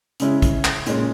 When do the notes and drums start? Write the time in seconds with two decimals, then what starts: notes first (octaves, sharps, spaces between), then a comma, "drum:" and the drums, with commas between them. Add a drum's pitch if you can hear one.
0.20 C#3 G#3 C#4 E4, drum: hi-hat
0.42 drum: kick, hi-hat
0.64 drum: clap
0.86 A#2 G#3 C#4, drum: hi-hat